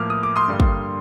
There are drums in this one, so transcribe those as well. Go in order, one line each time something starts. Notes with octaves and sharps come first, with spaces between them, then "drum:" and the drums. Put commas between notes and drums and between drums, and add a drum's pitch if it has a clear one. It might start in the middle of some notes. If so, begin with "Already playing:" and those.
Already playing: A2 F3 A#3 D6 F6
D#6
D6
C6 D#6
G2 D3 G3 A#3
drum: kick